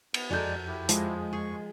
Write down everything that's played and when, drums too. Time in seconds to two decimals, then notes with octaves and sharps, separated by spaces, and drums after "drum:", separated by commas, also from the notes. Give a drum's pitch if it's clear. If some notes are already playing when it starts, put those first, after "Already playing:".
0.14 B3, drum: cymbal
0.30 F2 G#3 F#4 A4 A#4 D5 G#5 G6
0.67 E4 G4
0.89 F3 G#3, drum: hi-hat
1.33 G#4 C#6